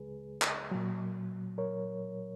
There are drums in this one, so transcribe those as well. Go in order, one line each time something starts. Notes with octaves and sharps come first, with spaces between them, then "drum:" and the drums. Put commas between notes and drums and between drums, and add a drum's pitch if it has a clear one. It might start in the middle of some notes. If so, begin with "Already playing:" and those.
Already playing: C#2 C#3 G#3 G#4 B4
drum: clap
A#2 F#3
A#4 C#5